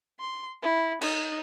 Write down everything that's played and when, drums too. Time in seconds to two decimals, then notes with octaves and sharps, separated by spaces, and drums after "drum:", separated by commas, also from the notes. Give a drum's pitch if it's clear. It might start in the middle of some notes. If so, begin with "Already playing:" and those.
0.20 C6
0.62 E4
1.01 D#4, drum: cymbal